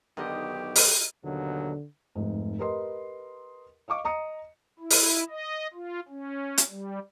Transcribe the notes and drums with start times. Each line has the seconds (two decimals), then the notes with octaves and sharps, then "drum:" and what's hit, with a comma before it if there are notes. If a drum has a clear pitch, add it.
0.17 B1 D3 D#3 D#4 G4 D#5
0.75 drum: open hi-hat
1.25 D#2 B2 D3 F#3
2.15 F1 G#2
2.58 G4 A#4 B4 D#5 C6
3.88 D#5 F5 C#6 D6
4.04 D#5 A#5 D#6 C#7
4.80 E4
4.90 drum: open hi-hat
5.29 D#5
5.73 F4
6.08 C#4
6.58 drum: hi-hat
6.69 G3